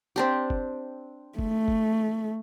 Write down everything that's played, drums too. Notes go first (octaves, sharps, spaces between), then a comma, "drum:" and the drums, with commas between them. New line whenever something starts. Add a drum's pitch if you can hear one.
C4 D4 G4
drum: kick F#1
A3, drum: kick F#1
drum: kick F#1